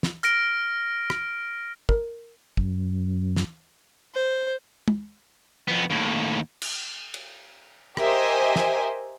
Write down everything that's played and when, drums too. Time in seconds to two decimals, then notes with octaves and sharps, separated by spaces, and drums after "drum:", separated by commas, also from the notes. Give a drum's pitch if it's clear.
0.03 drum: snare
0.23 F6 A#6 D7, drum: hi-hat
1.10 drum: rim click
1.89 A#4, drum: kick
2.57 F#2, drum: kick
3.36 drum: snare
4.14 C5
4.88 drum: tom
5.68 F2 B3
5.90 D#2 A2
6.62 drum: cymbal
7.14 drum: cymbal
7.97 G4 A#4 C5 D#5 E5 G#5, drum: rim click
8.56 drum: snare